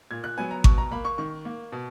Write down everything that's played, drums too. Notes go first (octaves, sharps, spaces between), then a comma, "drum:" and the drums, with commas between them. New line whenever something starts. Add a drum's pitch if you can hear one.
A#2 G#6
F#6
F#3 B3 G#5
A#5
B2 C#6, drum: kick G#1
A#5
A#3 B5
C#6
D#3 C#6
A#3
B2